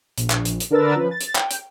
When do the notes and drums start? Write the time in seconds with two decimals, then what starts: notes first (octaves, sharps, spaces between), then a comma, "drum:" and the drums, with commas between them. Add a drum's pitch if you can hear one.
0.18 A#1, drum: hi-hat
0.30 drum: clap
0.45 drum: hi-hat
0.60 drum: hi-hat
0.70 D3 D4 A#4 B4 E6 A6
0.95 F3 C#4 B4
1.11 A6
1.21 drum: hi-hat
1.36 G5, drum: clap
1.51 drum: hi-hat